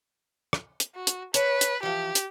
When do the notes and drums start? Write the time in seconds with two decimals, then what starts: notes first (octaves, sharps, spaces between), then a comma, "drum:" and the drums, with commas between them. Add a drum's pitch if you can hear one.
0.53 drum: rim click
0.80 drum: hi-hat
0.95 F#4
1.07 drum: hi-hat
1.34 B4 C#5 A5, drum: hi-hat
1.61 drum: hi-hat
1.83 E3 F3 G4
2.15 drum: hi-hat